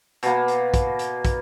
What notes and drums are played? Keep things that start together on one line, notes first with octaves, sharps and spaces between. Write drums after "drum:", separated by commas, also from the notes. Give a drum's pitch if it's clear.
B2 A#3, drum: hi-hat
drum: hi-hat
drum: kick, hi-hat
drum: hi-hat
drum: kick, hi-hat